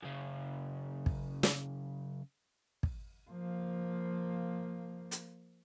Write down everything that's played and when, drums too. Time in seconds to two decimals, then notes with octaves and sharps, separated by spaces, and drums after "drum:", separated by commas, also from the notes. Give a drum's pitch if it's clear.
0.02 F#2 C#3
1.06 drum: kick
1.43 drum: snare
2.83 drum: kick
3.31 F3 A#3
5.11 drum: hi-hat